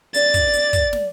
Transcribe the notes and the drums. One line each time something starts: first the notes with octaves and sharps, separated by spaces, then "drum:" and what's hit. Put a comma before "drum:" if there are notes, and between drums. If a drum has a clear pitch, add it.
D5 A6, drum: hi-hat
drum: kick, hi-hat
drum: hi-hat
drum: kick, hi-hat
drum: snare